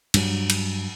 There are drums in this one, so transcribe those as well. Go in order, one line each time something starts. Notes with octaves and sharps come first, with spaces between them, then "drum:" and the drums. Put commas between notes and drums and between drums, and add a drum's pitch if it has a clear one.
G2 F#3, drum: cymbal
drum: cymbal